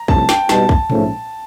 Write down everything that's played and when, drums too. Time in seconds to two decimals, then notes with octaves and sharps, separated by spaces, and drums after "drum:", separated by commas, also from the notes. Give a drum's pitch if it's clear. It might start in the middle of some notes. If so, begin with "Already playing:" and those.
Already playing: A#5
0.08 C2 C3 F3 A3 C#4 A5, drum: kick
0.29 G5, drum: snare
0.49 B2 G3 B3 D#4 A5, drum: snare
0.69 drum: kick
0.90 A#1 G#2 F3 A3 C#4, drum: tom A#2